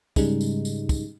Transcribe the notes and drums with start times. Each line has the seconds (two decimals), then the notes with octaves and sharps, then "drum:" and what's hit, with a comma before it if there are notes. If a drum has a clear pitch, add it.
0.16 G#2 C#3 G3 G#3 D#4, drum: kick, tambourine
0.41 drum: tambourine
0.65 drum: tambourine
0.89 drum: kick, tambourine